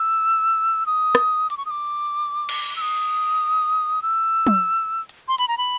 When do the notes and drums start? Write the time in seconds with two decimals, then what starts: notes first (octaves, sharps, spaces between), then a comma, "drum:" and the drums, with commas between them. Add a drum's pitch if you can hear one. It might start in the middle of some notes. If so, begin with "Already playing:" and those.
Already playing: E6
0.86 D#6
1.15 drum: rim click
1.50 D6, drum: hi-hat
1.58 C#6
1.66 D#6
1.70 D6
2.49 drum: cymbal
2.76 E6
2.81 D#6
4.02 E6
4.47 drum: tom
5.09 drum: hi-hat
5.28 C6
5.38 B5, drum: hi-hat
5.48 A#5
5.58 B5